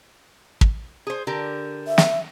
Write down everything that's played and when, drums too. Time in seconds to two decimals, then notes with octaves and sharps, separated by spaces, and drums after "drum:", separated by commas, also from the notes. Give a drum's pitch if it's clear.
0.61 drum: kick
1.07 G#4 C5
1.27 D3 G4 A#4
1.88 E5
1.98 drum: snare